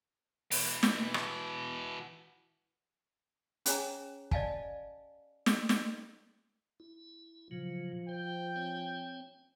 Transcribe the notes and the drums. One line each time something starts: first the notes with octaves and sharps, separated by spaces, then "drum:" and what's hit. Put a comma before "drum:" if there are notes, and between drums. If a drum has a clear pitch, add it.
B2 E3, drum: open hi-hat
drum: snare
drum: rim click
C#4 G#4 C#5 G#5 A#5, drum: hi-hat
D5 D#5 F5 G#5 A5, drum: kick
A4, drum: snare
drum: snare
E4
A#2 C#3 F3 F#3
C5 G5
C4 C#5 G#5